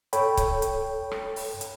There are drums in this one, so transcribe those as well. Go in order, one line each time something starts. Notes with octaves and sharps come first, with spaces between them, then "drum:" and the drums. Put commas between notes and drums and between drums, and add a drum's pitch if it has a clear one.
A4 C#5 G5 B5, drum: hi-hat
drum: kick C#1, hi-hat
drum: hi-hat
drum: rim click
drum: open hi-hat
drum: hi-hat